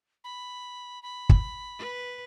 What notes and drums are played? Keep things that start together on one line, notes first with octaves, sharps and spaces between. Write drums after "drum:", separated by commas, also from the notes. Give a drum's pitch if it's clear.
B5
B5
drum: kick
B4